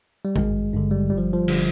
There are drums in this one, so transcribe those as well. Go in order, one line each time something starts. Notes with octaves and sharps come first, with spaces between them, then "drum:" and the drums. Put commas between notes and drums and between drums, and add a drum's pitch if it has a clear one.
G3
G#1 G#3, drum: kick A1
G2 D3
G3
G1 G3
F3
F3
D3, drum: cymbal